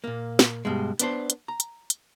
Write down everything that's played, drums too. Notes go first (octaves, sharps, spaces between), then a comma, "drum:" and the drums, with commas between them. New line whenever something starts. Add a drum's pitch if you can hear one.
A#2 A#3
drum: snare
G2 B2 G#3
B3 D4 C5, drum: hi-hat
drum: hi-hat
A#5
drum: hi-hat
drum: hi-hat